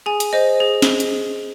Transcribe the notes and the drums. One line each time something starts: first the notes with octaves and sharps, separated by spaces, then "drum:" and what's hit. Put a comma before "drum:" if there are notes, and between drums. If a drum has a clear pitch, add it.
G#4 G#5
drum: hi-hat
C5 D#5
G#4
drum: snare
drum: hi-hat